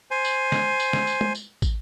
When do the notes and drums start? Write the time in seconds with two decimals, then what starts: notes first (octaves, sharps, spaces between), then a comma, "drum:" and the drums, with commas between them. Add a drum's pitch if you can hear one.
0.11 C5 G#5
0.25 drum: tambourine
0.52 drum: snare
0.80 drum: tambourine
0.93 drum: snare
1.07 drum: tambourine
1.21 drum: tom
1.35 drum: tambourine
1.62 drum: kick, tambourine